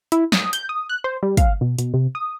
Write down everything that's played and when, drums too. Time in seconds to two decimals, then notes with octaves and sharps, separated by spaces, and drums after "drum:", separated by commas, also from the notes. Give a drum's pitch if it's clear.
0.12 E4, drum: hi-hat
0.32 D#6, drum: snare
0.53 G6, drum: hi-hat
0.69 D#6
0.89 F#6
1.04 C5
1.23 G3
1.37 F5, drum: kick, hi-hat
1.61 B2
1.79 B2, drum: hi-hat
1.94 C3
2.15 D#6